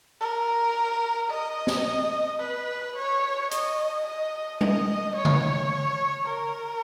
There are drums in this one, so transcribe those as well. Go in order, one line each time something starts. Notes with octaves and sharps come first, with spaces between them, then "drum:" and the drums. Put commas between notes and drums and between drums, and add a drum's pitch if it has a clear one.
A#4
D#5
drum: snare
B4
C#5
D#5, drum: hi-hat
D#5
D#5, drum: tom G3
C#5
drum: tom C#3
A#4